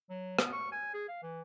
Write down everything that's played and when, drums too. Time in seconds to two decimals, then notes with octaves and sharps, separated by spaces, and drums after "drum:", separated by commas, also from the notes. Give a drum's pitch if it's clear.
0.10 F#3
0.39 B3, drum: rim click
0.53 C#6
0.72 G#5
0.94 G#4
1.08 F5
1.23 E3